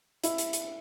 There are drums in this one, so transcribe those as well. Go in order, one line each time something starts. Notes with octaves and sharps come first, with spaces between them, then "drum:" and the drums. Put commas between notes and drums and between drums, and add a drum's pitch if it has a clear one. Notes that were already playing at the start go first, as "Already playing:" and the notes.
E4, drum: hi-hat
drum: hi-hat
drum: hi-hat